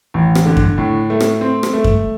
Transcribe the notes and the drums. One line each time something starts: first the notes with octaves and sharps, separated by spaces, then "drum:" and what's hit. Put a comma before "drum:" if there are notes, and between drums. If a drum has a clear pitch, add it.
A1
drum: rim click
D3
drum: kick F#2
A2
A3
drum: rim click
C4
drum: rim click
A3
drum: kick F#2